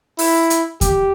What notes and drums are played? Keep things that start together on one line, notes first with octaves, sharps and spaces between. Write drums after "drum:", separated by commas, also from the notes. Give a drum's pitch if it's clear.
E4, drum: open hi-hat
drum: hi-hat
G4, drum: kick D#2, hi-hat